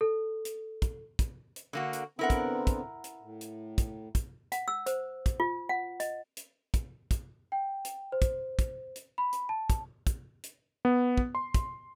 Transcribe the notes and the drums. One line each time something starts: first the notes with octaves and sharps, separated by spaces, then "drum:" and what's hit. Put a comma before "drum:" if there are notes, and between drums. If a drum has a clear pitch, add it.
A4
drum: hi-hat
drum: kick, hi-hat
drum: kick, hi-hat
drum: hi-hat
D3 A#3 F#4
drum: hi-hat
D3 B3 C4 E4 A#4 F#5
drum: kick, hi-hat
drum: kick, hi-hat
drum: hi-hat
A2
drum: hi-hat
drum: kick, hi-hat
drum: kick, hi-hat
F#5, drum: hi-hat
E6
C5, drum: hi-hat
drum: kick, hi-hat
F4
F#5
D#5, drum: hi-hat
drum: hi-hat
drum: kick, hi-hat
drum: kick, hi-hat
G5
drum: hi-hat
C5
drum: kick, hi-hat
drum: kick, hi-hat
drum: hi-hat
B5
drum: hi-hat
A5
drum: kick, hi-hat
drum: kick, hi-hat
drum: hi-hat
B3
drum: kick
C6
drum: kick, hi-hat